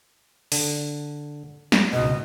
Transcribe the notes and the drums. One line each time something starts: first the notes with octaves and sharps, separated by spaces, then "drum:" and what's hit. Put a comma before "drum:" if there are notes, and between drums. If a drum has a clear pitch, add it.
D3, drum: open hi-hat
drum: snare
C#2 G#2 B2 D#5